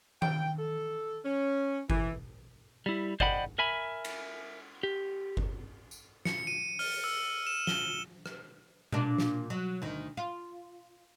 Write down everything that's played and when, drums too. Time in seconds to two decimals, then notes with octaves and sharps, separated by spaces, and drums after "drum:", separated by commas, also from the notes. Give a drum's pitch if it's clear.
0.22 G5, drum: tom D#3
0.59 A4
1.25 C#4
1.90 E3, drum: kick G1
2.86 G3 E4
3.20 C5 D5 D#5 F#5 G5 B5, drum: kick G1
3.58 A#4 E5 G#5 B5
4.05 drum: cymbal
4.83 G4
5.37 drum: kick G1
5.91 drum: tambourine
6.25 C#7, drum: snare
6.47 D#7
6.79 F6, drum: open hi-hat
7.04 E6
7.47 E7
7.67 G7, drum: snare
8.26 drum: rim click
8.93 A#2 D4, drum: tom B2
9.18 drum: snare
9.50 F#3
9.82 D2 D#3
10.17 F4